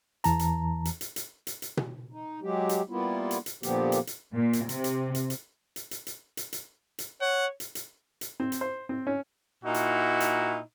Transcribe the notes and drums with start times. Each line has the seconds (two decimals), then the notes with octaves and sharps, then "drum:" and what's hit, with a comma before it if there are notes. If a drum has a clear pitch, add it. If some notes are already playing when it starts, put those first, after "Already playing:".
0.24 E2 E3 A5 A#5, drum: hi-hat
0.39 drum: hi-hat
0.85 drum: hi-hat
1.01 drum: hi-hat
1.16 drum: hi-hat
1.47 drum: hi-hat
1.62 drum: hi-hat
1.77 drum: tom B2
2.12 D#4
2.42 F#3 G#3 G4
2.69 drum: hi-hat
2.90 G3 A#3 B3 E4 F4
3.31 drum: hi-hat
3.46 drum: hi-hat
3.63 A#2 D3 F3 A#3 B3 G4, drum: hi-hat
3.92 drum: hi-hat
4.07 drum: hi-hat
4.33 A#2
4.53 drum: hi-hat
4.69 C3, drum: hi-hat
4.84 drum: hi-hat
5.15 drum: hi-hat
5.30 drum: hi-hat
5.76 drum: hi-hat
5.91 drum: hi-hat
6.07 drum: hi-hat
6.37 drum: hi-hat
6.53 drum: hi-hat
6.99 drum: hi-hat
7.21 C#5 F#5
7.60 drum: hi-hat
7.75 drum: hi-hat
8.21 drum: hi-hat
8.40 C4
8.52 drum: hi-hat
8.61 C5
8.89 C4
9.07 C#4
9.63 A#2 D#4 E4 F#4
9.74 drum: hi-hat
10.20 drum: hi-hat